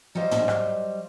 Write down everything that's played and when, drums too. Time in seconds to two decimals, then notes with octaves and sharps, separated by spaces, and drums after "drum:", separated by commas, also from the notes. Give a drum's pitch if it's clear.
0.15 F#3 G3 C5 D#5 F5
0.31 drum: tom
0.48 drum: rim click